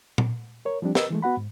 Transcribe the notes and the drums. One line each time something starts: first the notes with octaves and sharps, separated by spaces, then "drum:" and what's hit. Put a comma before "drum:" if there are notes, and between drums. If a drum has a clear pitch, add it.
drum: tom A#2
A#4 C#5
F3 G3 C4 D4 G4
A#4 B4 D#5 E6, drum: snare
E3 G#3 A3
B3 F#4 F#5 B5
G#2